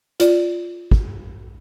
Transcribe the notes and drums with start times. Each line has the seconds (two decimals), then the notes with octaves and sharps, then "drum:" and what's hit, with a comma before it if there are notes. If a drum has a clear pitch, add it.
0.20 F4 D5, drum: hi-hat
0.91 drum: kick